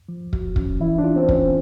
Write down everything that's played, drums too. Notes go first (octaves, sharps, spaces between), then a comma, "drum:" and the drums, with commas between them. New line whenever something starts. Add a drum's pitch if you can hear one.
F3
F#4, drum: kick
C#4, drum: kick
E3 E4
D4
F4
C4
C4 C#4, drum: kick